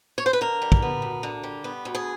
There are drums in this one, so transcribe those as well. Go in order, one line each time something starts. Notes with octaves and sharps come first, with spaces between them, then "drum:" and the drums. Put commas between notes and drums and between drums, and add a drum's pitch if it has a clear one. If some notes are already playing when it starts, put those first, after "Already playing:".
C#5
C5
B4
D3 A#4
G3
drum: kick
B3
D2
D3
G3
B3
D2
G#4